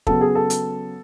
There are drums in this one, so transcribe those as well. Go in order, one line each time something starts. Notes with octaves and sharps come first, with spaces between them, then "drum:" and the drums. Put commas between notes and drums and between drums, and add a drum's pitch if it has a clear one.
C#3 F#3 B3 A4, drum: kick
G#4
A4
drum: hi-hat